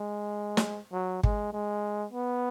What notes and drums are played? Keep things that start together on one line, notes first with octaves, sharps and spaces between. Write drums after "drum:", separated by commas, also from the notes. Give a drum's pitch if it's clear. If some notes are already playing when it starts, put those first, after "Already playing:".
Already playing: G#3
drum: snare
F#3
G#3, drum: kick
G#3
B3